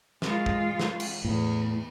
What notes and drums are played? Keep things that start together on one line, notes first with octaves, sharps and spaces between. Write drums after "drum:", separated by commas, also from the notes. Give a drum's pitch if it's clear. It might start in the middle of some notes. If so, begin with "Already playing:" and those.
G#3 F4, drum: snare
drum: kick
drum: snare
drum: cymbal
E2 A2